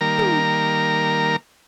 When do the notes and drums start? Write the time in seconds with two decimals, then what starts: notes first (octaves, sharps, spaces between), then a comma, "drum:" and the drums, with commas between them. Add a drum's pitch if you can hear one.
0.01 D#3 G3 A#3 A#4 A#5
0.19 drum: tom